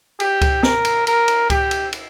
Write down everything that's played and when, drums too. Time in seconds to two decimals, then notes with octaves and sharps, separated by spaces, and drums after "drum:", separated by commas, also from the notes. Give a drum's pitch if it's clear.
0.20 G4, drum: cymbal
0.41 drum: kick C#2, cymbal
0.63 A#4, drum: snare
0.85 drum: cymbal
1.07 A#4, drum: cymbal
1.28 drum: cymbal
1.50 G4, drum: kick C#2, cymbal
1.71 drum: cymbal
1.93 drum: cymbal